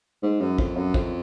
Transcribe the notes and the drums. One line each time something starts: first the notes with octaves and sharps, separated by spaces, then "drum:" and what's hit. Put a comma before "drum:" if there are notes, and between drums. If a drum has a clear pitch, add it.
G#2
F#2
F2, drum: kick
F#2
F2, drum: kick